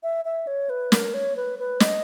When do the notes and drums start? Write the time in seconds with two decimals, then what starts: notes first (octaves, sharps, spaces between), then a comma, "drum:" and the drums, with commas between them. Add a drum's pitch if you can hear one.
0.03 E5
0.25 E5
0.47 C#5
0.70 B4
0.92 A#4, drum: snare
1.14 C#5
1.36 B4
1.59 B4
1.80 D#5, drum: snare